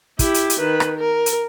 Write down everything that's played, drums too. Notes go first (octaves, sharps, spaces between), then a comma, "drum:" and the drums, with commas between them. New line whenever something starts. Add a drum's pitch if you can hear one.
E4 G4, drum: kick, hi-hat
drum: hi-hat
drum: hi-hat
D#3 B4
drum: rim click
A#4
drum: hi-hat